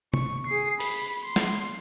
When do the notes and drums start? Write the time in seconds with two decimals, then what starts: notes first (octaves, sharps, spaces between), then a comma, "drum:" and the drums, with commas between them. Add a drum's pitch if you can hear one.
0.14 C#6, drum: tom
0.47 G#4 C7
0.80 B5, drum: open hi-hat
1.25 C6
1.36 drum: snare